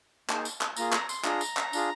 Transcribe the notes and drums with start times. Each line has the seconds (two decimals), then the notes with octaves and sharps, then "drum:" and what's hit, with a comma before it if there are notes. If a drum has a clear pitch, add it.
0.30 A#3 D#4 G#4, drum: clap
0.45 drum: tambourine
0.61 drum: clap
0.77 A#3 F4 G#4 A#5, drum: tambourine
0.92 A#5, drum: clap
1.09 C6, drum: tambourine
1.24 D4 F4 G#4 A#5, drum: clap
1.41 drum: tambourine
1.57 drum: clap
1.73 D4 F4 G#4, drum: tambourine